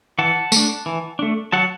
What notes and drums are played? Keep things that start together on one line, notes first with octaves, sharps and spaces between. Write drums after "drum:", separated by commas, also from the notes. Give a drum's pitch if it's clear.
E3 F#5 A5
A3 D4, drum: tambourine
E3
A3 D4
F#3 F#5 A5